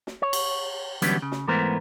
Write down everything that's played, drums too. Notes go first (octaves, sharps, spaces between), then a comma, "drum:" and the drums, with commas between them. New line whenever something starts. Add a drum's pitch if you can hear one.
drum: snare
C#5
drum: cymbal
E2 D3 F#3 G3 B3 C#4, drum: hi-hat
C#3
drum: snare
G#2 E3 A3 B3 A#4 C5